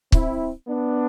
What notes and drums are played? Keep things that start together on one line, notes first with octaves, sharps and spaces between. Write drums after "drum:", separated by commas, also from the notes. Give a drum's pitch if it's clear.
C4 E4, drum: kick
B3 D4